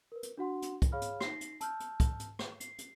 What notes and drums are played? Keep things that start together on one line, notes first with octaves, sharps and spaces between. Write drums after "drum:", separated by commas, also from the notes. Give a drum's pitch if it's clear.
A#4 B4
drum: hi-hat
D4 F#4 F#5 C6
drum: hi-hat
drum: kick, hi-hat
G#4 C#5 F5 B5 F6
drum: hi-hat
D#4 A#6 C7, drum: rim click
drum: hi-hat
A5 E6 F6 G6, drum: hi-hat
drum: hi-hat
drum: kick, hi-hat
drum: hi-hat
drum: rim click
C7, drum: hi-hat
drum: hi-hat